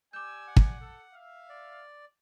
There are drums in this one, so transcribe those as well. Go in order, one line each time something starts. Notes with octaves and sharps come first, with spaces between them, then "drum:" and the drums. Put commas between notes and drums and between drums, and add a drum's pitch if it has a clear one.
G4 D5 G#5 D6 E6 G6
F#5
drum: kick
A4
E5 F5
D5